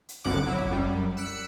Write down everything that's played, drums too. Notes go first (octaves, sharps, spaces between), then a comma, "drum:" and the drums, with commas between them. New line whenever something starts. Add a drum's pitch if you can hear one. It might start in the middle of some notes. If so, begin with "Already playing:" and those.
drum: hi-hat
G1 C2 F#2 D3 F#5 D6
F#3 E4
drum: kick
F#2 G3
E6 F#6 B6 C#7 D7